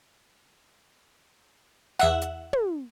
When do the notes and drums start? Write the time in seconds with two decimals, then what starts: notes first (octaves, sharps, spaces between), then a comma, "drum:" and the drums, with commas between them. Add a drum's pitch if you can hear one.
1.99 E2 E5 F#5, drum: snare
2.21 drum: hi-hat
2.53 drum: tom